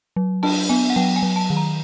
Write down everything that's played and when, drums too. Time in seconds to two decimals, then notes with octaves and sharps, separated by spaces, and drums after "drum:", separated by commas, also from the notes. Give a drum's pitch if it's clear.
0.16 F#3
0.43 D4 A5, drum: cymbal
0.69 B3 G#5
0.90 F#5
0.96 F#3 G5
1.16 G#5
1.23 F#3
1.36 A5
1.50 D#3
1.57 A#5